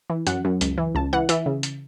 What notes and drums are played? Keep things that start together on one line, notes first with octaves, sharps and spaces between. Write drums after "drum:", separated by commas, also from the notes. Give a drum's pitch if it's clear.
E3
F#2 F#5, drum: hi-hat
F#2
C#2, drum: hi-hat
E3
C#2 A5
E3 F#5
E3 E5, drum: hi-hat
C#3
drum: hi-hat